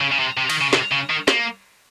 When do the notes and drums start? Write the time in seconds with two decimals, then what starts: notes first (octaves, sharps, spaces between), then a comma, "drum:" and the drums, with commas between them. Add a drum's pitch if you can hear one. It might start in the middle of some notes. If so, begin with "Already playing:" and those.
0.01 C#3
0.12 C#3
0.19 C3
0.37 C3
0.50 D#3, drum: cymbal
0.61 C#3
0.73 C3, drum: snare
0.91 C#3
1.10 D#3
1.28 A#3, drum: snare